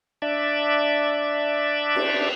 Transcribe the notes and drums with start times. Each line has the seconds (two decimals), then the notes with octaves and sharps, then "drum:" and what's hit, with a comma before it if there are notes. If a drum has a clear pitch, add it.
0.22 D4 D5 E5
1.95 drum: cymbal